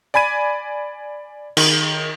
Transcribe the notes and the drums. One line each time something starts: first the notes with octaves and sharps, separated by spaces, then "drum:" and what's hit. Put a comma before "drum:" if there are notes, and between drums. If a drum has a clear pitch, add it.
D5 G#5 B5 G#6 D#7
D#3, drum: cymbal